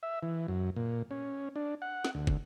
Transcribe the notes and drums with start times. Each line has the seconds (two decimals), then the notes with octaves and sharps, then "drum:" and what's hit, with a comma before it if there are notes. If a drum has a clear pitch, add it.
0.03 E5
0.23 E3
0.48 F#2
0.76 A#2
1.11 C#4
1.56 D4
1.82 F#5
2.04 drum: snare
2.15 D2
2.27 drum: kick